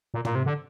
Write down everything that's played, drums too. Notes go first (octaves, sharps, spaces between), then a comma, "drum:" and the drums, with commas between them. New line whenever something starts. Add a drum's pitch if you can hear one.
A#2
A#2, drum: tom
C3
D3